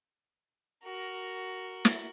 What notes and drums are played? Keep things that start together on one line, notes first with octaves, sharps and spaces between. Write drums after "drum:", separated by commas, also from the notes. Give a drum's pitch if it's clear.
F#4 A#4
drum: snare